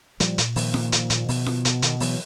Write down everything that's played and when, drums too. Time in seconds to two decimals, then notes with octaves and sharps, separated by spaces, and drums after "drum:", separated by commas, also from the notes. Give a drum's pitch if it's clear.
0.20 A#2 F3 G3, drum: hi-hat
0.38 A#2, drum: hi-hat
0.56 A#2 D#3 F3, drum: open hi-hat
0.74 A#2, drum: snare F4
0.92 A#2, drum: hi-hat
1.10 A#2, drum: hi-hat
1.29 B2, drum: open hi-hat
1.46 B2, drum: snare F4
1.65 B2, drum: hi-hat
1.82 B2 D#3, drum: hi-hat
2.00 B2 E3 F#3, drum: open hi-hat